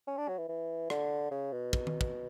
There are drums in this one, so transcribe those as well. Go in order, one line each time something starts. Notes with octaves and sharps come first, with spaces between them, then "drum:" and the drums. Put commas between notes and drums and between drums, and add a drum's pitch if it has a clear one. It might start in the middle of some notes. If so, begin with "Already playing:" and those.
C#4
D4
F#3
E3
E3
D3, drum: rim click
C#3
B2
drum: kick
drum: tom D#3
drum: kick